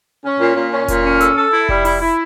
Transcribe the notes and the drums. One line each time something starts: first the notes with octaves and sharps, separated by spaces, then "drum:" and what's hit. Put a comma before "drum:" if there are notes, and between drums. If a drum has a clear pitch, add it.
C#4
A#2
A#2
C#4
A#2, drum: kick F1, hi-hat
C#4
A4, drum: hi-hat
A4
E4
G3, drum: kick F1
E4, drum: open hi-hat
E4